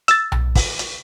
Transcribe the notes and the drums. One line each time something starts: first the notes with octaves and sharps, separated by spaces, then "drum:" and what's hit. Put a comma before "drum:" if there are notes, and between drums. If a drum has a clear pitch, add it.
E6 A6, drum: hi-hat
drum: tom B1
drum: kick, open hi-hat
drum: hi-hat